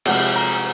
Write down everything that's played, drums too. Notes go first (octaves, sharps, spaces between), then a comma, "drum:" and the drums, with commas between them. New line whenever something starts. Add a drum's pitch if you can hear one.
C3 F3 G#3 F#5, drum: cymbal
A#5